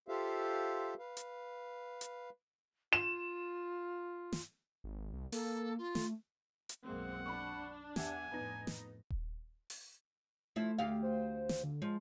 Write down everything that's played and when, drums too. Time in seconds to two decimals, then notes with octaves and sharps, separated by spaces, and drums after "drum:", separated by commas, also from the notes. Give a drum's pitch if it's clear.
0.08 F4 G4 A4 C5 E5 F5
0.99 B4 F5
1.17 drum: hi-hat
2.01 drum: hi-hat
2.93 F4 E7
4.32 drum: snare
4.84 G#1
5.13 C2
5.32 A#3 A4, drum: open hi-hat
5.78 F4
5.95 A3, drum: snare
6.69 drum: hi-hat
6.85 B1 F#2 G#3 A#3 C4 F#5
7.26 D4 B5 C#6
7.96 E2 G4 E5 F#5 G#5, drum: snare
8.31 F2 A2 B3 D#4
8.67 drum: snare
9.10 drum: kick D#1
9.70 drum: open hi-hat
10.56 F3 A3 E4
10.79 D2 G4 F5
11.03 C5
11.49 drum: snare
11.64 D3
11.82 F3 G#3